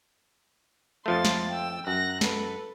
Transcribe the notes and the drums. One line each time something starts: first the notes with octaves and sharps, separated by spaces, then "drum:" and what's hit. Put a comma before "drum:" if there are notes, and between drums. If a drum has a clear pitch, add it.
F2 F3 A3 C6 A6
drum: snare
G5 E6
F#2 F#6 A#6
A4 B4, drum: snare